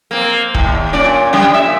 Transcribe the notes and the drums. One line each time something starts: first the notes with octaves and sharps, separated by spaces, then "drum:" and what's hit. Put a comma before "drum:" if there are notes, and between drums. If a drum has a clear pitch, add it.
A#3 C4
D#2, drum: kick
A#2 C#4 D5
C#3 G3
A#2 E5